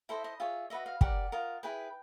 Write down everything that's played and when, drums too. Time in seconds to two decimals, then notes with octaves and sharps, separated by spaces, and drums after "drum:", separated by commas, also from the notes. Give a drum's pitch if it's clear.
0.09 E4 A4 C5 D#5 E5
0.24 D#5
0.40 F4 G#4 C#5 E5
0.70 F#4 B4 D#5 E5
0.86 F5
1.01 G4 A#4 D5 F#5, drum: kick
1.32 F4 A#4 D#5
1.63 E4 G#4 B4 G5